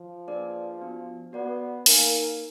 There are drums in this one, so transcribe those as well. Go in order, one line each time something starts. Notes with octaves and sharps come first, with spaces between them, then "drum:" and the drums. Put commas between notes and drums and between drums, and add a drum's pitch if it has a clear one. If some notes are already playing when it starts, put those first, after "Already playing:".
Already playing: F3
A#3 D4 G#4 B4 D5
B3 D4 F#4
B3 F#4 D5 F#5
A#3 D#4 A#4 F5 G#5, drum: open hi-hat